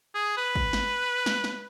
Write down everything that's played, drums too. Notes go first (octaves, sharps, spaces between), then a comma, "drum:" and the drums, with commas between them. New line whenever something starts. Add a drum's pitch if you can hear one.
G#4
B4
drum: kick
drum: snare
drum: snare
drum: snare